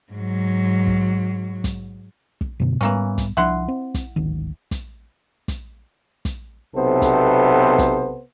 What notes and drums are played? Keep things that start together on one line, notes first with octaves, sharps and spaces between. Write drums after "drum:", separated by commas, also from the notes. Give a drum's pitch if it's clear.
G#2 F#3
drum: kick
drum: kick, hi-hat
drum: kick
F#2 B2 D3
G#2 E3 G3 A#3 B3 C#4
drum: kick, hi-hat
C2 F3 D4 E4 F#5 C6
C4
drum: kick, hi-hat
D1 G#1 D#3
drum: kick, hi-hat
drum: kick, hi-hat
drum: kick, hi-hat
B1 C3 B3 A4 C5
drum: kick, hi-hat
drum: kick, hi-hat